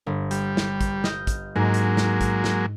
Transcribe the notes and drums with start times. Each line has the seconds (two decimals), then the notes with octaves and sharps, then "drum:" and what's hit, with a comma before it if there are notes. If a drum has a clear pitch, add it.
0.06 G1
0.31 G3, drum: hi-hat
0.57 drum: snare
0.81 drum: kick, hi-hat
1.04 D#5 F6 G6, drum: snare
1.27 drum: kick, hi-hat
1.56 G#2 F#3 G#3 A#3
1.74 drum: hi-hat
1.97 drum: snare
2.21 drum: kick, hi-hat
2.44 drum: snare